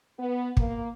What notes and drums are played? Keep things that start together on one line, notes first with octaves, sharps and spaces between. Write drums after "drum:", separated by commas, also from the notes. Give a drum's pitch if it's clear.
B3
A#3, drum: kick